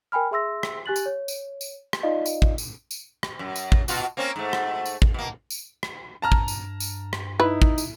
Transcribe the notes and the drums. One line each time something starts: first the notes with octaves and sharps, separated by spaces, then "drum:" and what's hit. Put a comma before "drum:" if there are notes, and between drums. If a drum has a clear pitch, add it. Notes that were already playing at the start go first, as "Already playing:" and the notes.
A#4 G5 G#5 B5 F6
G#4 E5 C6 E6 A#6
drum: rim click
G4 G#5 F#6 A6 F#7
drum: tambourine
C#5
drum: tambourine
drum: tambourine
drum: rim click
D#4 F4 D5 D#5 F5
drum: tambourine
drum: kick
drum: tambourine
drum: tambourine
drum: rim click
F#2
drum: tambourine
drum: kick
B2 F4 F#4, drum: tambourine
A#3 C4 C#4
G#2 A3
drum: rim click
drum: tambourine
drum: kick
B2 A#3
drum: tambourine
drum: rim click
G2 A5 A#5 F6
drum: kick
drum: tambourine
drum: tambourine
drum: rim click
D#4 E4 B4
drum: kick
drum: tambourine